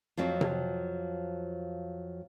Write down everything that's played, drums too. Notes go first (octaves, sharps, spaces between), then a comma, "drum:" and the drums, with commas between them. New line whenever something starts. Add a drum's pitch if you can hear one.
F2 F3 F#3 C4
drum: tom C3